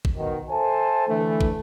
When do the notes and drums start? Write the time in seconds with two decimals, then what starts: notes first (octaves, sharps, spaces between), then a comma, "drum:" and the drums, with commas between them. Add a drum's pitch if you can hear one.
0.05 drum: kick
0.17 B2 D#3
0.50 A4 C5 E5 G#5 A5
1.08 D3 E3 A3
1.41 drum: kick